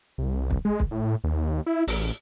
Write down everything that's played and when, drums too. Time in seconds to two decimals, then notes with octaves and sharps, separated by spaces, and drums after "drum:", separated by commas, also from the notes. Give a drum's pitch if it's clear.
0.18 C2
0.51 drum: kick
0.65 G#3
0.80 drum: kick
0.91 A2
1.24 D#2
1.66 E4
1.88 A1, drum: open hi-hat